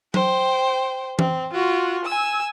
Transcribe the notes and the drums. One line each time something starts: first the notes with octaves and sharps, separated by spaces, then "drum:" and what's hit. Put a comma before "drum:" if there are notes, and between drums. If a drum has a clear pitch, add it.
C5 G5, drum: tom F#3
C4, drum: tom E3
F4 F#4
G#5 E6